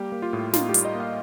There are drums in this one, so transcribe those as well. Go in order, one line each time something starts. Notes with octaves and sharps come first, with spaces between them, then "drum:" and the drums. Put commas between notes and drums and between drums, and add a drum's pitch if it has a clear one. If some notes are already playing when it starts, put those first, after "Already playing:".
Already playing: G3 A#3 G4
A#3
F4
A2
D#4 F4, drum: snare
G4
G3, drum: hi-hat
D#5
A#3
F5